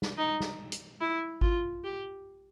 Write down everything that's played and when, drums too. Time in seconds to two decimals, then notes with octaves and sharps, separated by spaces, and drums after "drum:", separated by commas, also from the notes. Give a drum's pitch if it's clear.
0.02 drum: snare
0.18 D#4
0.40 drum: snare
0.72 drum: hi-hat
1.01 E4
1.41 F4, drum: kick G#1
1.84 G4